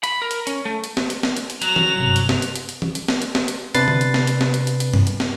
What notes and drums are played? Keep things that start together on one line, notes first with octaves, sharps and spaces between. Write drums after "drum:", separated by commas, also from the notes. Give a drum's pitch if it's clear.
B5, drum: hi-hat
A#4
drum: hi-hat
C#4, drum: hi-hat
A3
drum: hi-hat
drum: snare
drum: hi-hat
drum: snare
drum: hi-hat
drum: hi-hat
F#3 F7, drum: hi-hat
drum: tom
F#1 G2 C3
drum: hi-hat
drum: snare
drum: hi-hat
drum: hi-hat
drum: hi-hat
drum: tom
drum: hi-hat
drum: snare
drum: hi-hat
drum: snare
drum: hi-hat
C3 B3 D4 B4 A6 C7, drum: hi-hat
drum: tom D3
drum: hi-hat
drum: snare
drum: hi-hat
drum: snare
drum: hi-hat
drum: hi-hat
drum: hi-hat
drum: tom G2
drum: hi-hat
drum: snare